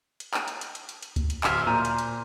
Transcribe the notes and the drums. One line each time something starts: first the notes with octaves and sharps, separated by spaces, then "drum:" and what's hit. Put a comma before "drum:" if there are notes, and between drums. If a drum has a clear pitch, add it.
drum: hi-hat
drum: clap
drum: hi-hat
drum: hi-hat
drum: hi-hat
drum: hi-hat
drum: hi-hat
drum: kick D2, hi-hat
drum: hi-hat
D1 E5 F5 C6 F6, drum: clap
A#2 C5 A#5 D#7
drum: hi-hat
drum: hi-hat